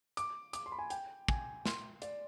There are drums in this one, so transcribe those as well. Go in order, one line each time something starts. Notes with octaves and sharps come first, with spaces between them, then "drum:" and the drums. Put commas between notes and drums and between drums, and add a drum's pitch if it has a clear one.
D6, drum: hi-hat
D6, drum: hi-hat
C6
B5
G#5
G5, drum: hi-hat
G#5, drum: kick
C6, drum: snare
D5, drum: hi-hat